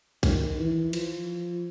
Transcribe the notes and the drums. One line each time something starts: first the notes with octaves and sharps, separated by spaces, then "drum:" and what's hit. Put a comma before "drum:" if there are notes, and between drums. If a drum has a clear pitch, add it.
D#3, drum: kick B1, cymbal
E3
F3, drum: cymbal